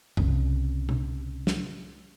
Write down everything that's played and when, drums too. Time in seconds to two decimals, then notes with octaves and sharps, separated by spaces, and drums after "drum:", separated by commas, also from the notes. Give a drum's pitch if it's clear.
0.17 C2 C#3, drum: tom F#2
0.89 drum: tom B2
1.47 drum: snare